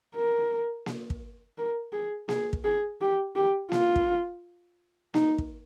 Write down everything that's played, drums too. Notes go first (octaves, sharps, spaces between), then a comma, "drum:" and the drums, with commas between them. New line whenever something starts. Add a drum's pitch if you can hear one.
A#4
drum: snare A#3
drum: kick
A#4
G#4
G#4, drum: snare A#3
drum: kick
G#4
G4
G4
F4, drum: snare A#3
drum: kick
D#4, drum: snare A#3
drum: kick